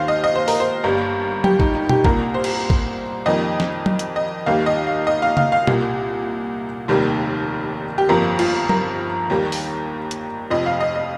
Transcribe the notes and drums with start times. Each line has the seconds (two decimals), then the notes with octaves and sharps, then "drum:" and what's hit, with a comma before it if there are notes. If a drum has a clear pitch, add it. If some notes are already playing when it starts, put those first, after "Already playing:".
Already playing: D#2 D#3 C5 F5
0.08 D#5
0.24 D#5
0.36 C5
0.48 A#4, drum: open hi-hat
0.60 C5
0.84 G1 G2 G3 A#3 A#4
1.44 G4, drum: tom F#3
1.60 D#4, drum: kick A1
1.75 D#4
1.89 G4, drum: tom B2
2.04 C2 A#2 G3 A#3 A#4, drum: kick A1
2.34 C5
2.44 drum: cymbal
2.70 drum: kick A1
3.26 F2 D#3 G3 A#3 D#5
3.60 drum: snare
3.86 drum: tom F#3
3.99 drum: hi-hat
4.16 D#5
4.46 D#2 D#3 G3 A#3 F5
4.66 D#5
4.87 F5
5.07 D#5
5.22 F5
5.37 F5, drum: tom C#3
5.52 F5
5.67 C2 A#2 A#3, drum: tom B2
6.88 F1 D#2 D#3 G3 A#3
7.98 G4
8.09 G1 F2 F3 A#3 A#4
8.39 F4, drum: cymbal
8.69 A#4, drum: tom F#3
9.30 D#2 D#3 G3 A#3
9.52 drum: open hi-hat
10.11 drum: hi-hat
10.50 F1 F2 F3 D#5
10.66 F5
10.80 D#5
10.96 D#5